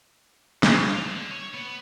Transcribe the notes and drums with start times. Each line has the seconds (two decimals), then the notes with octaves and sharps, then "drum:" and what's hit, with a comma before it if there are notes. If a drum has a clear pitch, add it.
0.63 G#3, drum: snare
0.88 F4
1.05 D3
1.31 C#5
1.53 B3